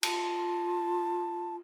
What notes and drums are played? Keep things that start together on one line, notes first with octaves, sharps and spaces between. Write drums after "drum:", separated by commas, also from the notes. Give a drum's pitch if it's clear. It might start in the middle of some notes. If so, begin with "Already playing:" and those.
F4 A5, drum: cymbal